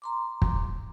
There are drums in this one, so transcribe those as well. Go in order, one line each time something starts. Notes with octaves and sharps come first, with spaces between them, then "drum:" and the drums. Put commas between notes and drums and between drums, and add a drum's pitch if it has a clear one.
A#5 C6 D6
drum: kick